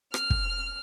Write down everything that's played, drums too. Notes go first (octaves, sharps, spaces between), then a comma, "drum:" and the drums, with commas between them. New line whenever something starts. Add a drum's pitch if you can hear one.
F6, drum: rim click
drum: kick